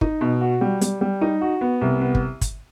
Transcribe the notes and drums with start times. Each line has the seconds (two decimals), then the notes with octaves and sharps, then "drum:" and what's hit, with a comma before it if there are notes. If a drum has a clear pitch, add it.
0.01 D#4, drum: kick
0.21 B2
0.41 F#4
0.61 G3
0.81 G3, drum: hi-hat
1.01 G3
1.21 D#4
1.41 F#4
1.61 B3
1.81 C2
2.01 B3
2.15 drum: kick
2.41 drum: kick, hi-hat